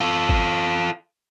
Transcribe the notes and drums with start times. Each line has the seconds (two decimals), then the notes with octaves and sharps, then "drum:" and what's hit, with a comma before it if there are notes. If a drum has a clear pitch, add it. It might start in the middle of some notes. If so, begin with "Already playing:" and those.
0.01 F4 A4
0.29 drum: kick